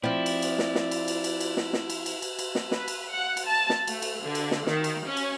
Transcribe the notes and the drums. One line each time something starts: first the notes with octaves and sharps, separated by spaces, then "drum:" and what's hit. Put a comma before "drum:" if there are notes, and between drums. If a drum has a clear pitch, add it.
F3 C4 E4 D5
drum: cymbal
drum: cymbal
drum: snare
drum: snare
drum: cymbal
drum: cymbal
drum: cymbal
drum: cymbal
drum: snare
drum: snare
drum: cymbal
drum: cymbal
drum: cymbal
drum: cymbal
drum: snare
B4, drum: snare
drum: cymbal
F#5
drum: cymbal
A5
drum: snare
A3, drum: cymbal
drum: cymbal
D3
drum: cymbal
drum: snare
D#3, drum: snare
drum: cymbal
C#4
drum: cymbal